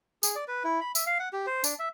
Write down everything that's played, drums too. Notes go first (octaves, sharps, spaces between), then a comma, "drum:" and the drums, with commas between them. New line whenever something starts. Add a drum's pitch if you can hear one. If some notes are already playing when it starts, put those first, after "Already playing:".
G#4, drum: tambourine
D5
B4
E4
B5
E5, drum: tambourine
F5
F#5
G4
C5
D4, drum: tambourine
E5